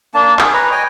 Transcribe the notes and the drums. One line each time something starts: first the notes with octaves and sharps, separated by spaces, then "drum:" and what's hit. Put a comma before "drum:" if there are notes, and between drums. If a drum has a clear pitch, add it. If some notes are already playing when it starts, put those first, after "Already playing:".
A#3 D4 A5
G#4, drum: clap
B4 C#5 A#5
D#5 G5 G#5